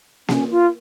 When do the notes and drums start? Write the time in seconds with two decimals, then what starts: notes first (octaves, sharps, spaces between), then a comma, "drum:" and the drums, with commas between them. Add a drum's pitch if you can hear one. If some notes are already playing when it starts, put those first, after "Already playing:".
0.28 C#4, drum: snare A#3
0.51 F4